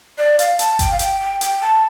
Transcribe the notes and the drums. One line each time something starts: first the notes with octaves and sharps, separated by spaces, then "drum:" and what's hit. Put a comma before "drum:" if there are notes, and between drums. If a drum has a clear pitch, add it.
D5
F5, drum: hi-hat
A5, drum: hi-hat
G5, drum: kick G1, hi-hat
F5
G5, drum: hi-hat
G5
G5, drum: hi-hat
A5